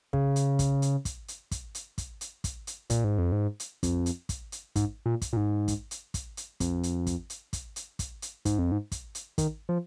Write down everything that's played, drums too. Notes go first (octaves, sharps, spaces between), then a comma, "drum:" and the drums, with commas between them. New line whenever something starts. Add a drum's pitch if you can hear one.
C#3, drum: kick
drum: hi-hat
drum: kick, hi-hat
drum: hi-hat
drum: kick, hi-hat
drum: hi-hat
drum: kick, hi-hat
drum: hi-hat
drum: kick, hi-hat
drum: hi-hat
drum: kick, hi-hat
drum: hi-hat
A#2, drum: kick, hi-hat
G#2
F2
G#2
drum: hi-hat
F2, drum: kick, hi-hat
drum: hi-hat
drum: kick, hi-hat
drum: hi-hat
G#2, drum: kick, hi-hat
A#2
drum: kick, hi-hat
A#2
G#2
drum: kick, hi-hat
drum: hi-hat
drum: kick, hi-hat
drum: hi-hat
F2, drum: kick, hi-hat
drum: hi-hat
drum: kick, hi-hat
drum: hi-hat
drum: kick, hi-hat
drum: hi-hat
drum: kick, hi-hat
drum: hi-hat
G#2, drum: kick, hi-hat
F2
G#2
drum: kick, hi-hat
drum: hi-hat
D#3, drum: kick, hi-hat
F3